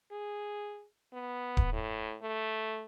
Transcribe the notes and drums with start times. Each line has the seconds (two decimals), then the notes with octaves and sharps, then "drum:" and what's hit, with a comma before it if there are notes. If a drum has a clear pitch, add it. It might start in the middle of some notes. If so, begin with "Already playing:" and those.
0.12 G#4
1.13 B3
1.57 drum: kick D1
1.72 A2
2.22 A3